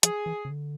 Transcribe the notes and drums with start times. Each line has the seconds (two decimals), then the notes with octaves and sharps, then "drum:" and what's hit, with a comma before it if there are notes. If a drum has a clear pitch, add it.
0.03 F3 G#4, drum: hi-hat
0.26 E3
0.45 C#3
0.50 D3